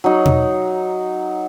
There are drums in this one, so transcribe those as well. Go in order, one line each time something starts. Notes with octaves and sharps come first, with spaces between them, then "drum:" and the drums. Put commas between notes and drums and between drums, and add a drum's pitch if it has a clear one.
F#3 D#4
drum: tom